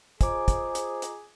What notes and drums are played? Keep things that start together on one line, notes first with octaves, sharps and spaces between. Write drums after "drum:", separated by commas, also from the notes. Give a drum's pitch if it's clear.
F4 G#4 C5 D#5 G#5 A#5 D6, drum: kick, hi-hat
drum: kick, hi-hat
drum: hi-hat
drum: hi-hat